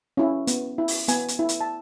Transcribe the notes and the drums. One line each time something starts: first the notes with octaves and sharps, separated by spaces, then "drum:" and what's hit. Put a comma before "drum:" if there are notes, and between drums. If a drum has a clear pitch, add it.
C#4 E4
B3, drum: hi-hat
E4
drum: open hi-hat
B3 G#5, drum: hi-hat
drum: hi-hat
E4
drum: hi-hat
A5